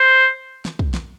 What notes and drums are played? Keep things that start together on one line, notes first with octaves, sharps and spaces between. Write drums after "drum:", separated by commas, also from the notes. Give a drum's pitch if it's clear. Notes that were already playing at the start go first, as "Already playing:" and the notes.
Already playing: C5
drum: snare
drum: kick
drum: snare